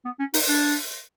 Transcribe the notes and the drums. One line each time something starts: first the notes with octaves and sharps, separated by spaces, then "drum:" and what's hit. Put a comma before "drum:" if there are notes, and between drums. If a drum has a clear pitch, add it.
B3
C#4
D#4, drum: open hi-hat
D4